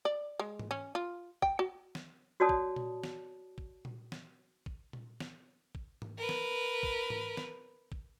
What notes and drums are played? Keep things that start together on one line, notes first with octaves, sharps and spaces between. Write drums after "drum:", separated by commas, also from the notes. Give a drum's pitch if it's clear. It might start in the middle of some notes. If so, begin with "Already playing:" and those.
D5
G#3
drum: tom G#2
C#4
F4
G5, drum: kick
F#4
drum: snare
F#4 C#5 D5 A5 D#6
drum: kick
drum: tom A#2
drum: snare
drum: kick
drum: tom A#2
drum: snare
drum: kick
drum: tom A#2
drum: snare
drum: kick
drum: tom G#2
A#4 B4
drum: snare
drum: kick
drum: tom G#2
drum: snare
drum: kick